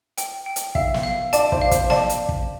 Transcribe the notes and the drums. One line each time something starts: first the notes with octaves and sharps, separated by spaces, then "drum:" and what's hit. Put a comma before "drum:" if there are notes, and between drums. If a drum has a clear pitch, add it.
G5, drum: hi-hat
G5
drum: hi-hat
E5 F5, drum: kick
drum: snare
F5
D5 A5, drum: hi-hat
C5, drum: kick
F5
C5, drum: kick, hi-hat
D5 A5, drum: snare
drum: hi-hat
drum: kick